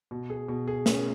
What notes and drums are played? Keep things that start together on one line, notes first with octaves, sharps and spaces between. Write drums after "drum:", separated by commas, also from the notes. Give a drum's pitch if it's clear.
B2
G#4
B2
G#4
C#4, drum: snare